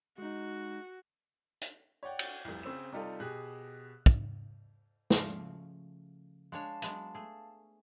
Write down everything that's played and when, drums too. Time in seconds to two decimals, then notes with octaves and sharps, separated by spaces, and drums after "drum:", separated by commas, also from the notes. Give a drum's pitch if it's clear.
0.18 G#3 D#4 F#4
1.61 drum: hi-hat
2.03 C#5 D5 F#5 G5
2.19 drum: cymbal
2.45 F1 C2
2.63 C#3 C4 E6 E7
2.92 C3 G3 D#4 F4 A4
3.20 B2 G4 G#4 F#6
4.06 drum: kick
5.10 C#3 F3 A3, drum: snare
6.52 G#3 D4 C#5 F5 A5
6.82 F#3 G#3 B3, drum: hi-hat
7.15 A3 G#4